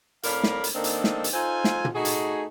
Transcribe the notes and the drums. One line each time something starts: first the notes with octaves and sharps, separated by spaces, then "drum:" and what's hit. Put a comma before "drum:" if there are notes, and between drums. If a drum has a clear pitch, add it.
A2 C4 A#4 D5 F5 B5, drum: hi-hat
drum: snare
drum: hi-hat
D#3 A#3 C4 D4 A4 D#5
drum: hi-hat
drum: snare
drum: hi-hat
D#4 F4 A4 C5 G#5
drum: snare
drum: tom
A3 D#4 F#4 G#4
drum: hi-hat